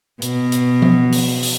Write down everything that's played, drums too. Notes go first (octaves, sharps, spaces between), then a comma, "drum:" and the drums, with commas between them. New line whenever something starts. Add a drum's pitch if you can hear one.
B2, drum: hi-hat
drum: hi-hat
drum: tom F3
drum: open hi-hat
drum: open hi-hat